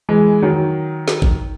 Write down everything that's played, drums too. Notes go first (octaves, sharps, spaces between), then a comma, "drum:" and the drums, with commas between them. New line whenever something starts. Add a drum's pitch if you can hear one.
E3 G#3
D#3 F#3
drum: snare
drum: kick A1